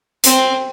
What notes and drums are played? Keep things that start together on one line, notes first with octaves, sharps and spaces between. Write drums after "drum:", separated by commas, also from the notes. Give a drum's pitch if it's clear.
C4, drum: hi-hat